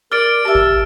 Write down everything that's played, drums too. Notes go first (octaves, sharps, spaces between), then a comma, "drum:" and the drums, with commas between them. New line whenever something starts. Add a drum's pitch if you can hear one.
A#4 D5 F6 A6 D7
G4 E5 A5
drum: kick G#1